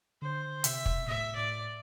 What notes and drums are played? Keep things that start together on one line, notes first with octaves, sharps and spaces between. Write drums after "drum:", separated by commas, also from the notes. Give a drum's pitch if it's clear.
D3 C5
C3 E5, drum: hi-hat
drum: kick
B2
A2 E5
A2 D5